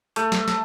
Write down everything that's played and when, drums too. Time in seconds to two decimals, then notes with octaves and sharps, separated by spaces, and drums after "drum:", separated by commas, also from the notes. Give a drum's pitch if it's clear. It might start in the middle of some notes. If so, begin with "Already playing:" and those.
0.16 A3, drum: hi-hat
0.32 drum: snare
0.48 drum: snare